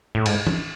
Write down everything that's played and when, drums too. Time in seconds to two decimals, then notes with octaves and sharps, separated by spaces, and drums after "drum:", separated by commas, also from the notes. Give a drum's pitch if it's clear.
0.15 A2
0.26 G#2, drum: cymbal
0.47 drum: tom